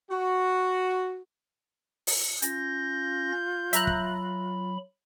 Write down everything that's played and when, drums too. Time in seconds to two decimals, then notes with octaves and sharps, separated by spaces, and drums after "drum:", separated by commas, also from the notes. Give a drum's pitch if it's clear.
0.10 F#4
2.07 drum: open hi-hat
2.42 C#4 F4 G6 A#6, drum: hi-hat
3.73 F#3 E5 A#5 B5 F#6, drum: hi-hat
3.87 drum: kick